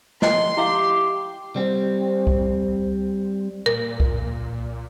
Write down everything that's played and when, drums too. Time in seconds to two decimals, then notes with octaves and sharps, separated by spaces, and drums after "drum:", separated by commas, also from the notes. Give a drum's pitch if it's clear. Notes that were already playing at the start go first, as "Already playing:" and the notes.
0.22 D#5 G5 C6, drum: snare
0.57 E4 G4 E5 F5
1.56 G3 C4
2.27 drum: kick C2
3.66 A#2 A#4
4.00 drum: kick C2